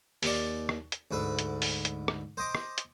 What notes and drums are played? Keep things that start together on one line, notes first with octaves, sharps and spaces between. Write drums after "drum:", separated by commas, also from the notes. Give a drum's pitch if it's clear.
D#2 D5, drum: open hi-hat
drum: rim click
drum: hi-hat
D2 G#2 B4 E5
drum: hi-hat
drum: open hi-hat
drum: hi-hat
drum: rim click
C5 D#5 D6
drum: rim click
drum: hi-hat